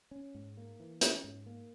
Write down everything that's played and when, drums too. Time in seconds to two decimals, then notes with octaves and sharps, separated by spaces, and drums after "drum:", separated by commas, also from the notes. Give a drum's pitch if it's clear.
0.11 C#4
0.35 G#2
0.57 A#3
0.80 E3
1.01 C#4, drum: hi-hat
1.24 G#2
1.46 A#3